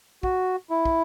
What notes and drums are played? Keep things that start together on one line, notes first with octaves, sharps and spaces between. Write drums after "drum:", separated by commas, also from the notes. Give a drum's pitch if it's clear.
F#4, drum: kick
E4
drum: kick